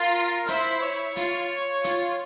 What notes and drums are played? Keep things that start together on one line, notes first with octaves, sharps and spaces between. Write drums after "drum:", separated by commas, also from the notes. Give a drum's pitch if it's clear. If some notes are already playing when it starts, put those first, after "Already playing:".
Already playing: F4 A#4
E4 C5, drum: hi-hat
C#5
F4, drum: hi-hat
F4, drum: hi-hat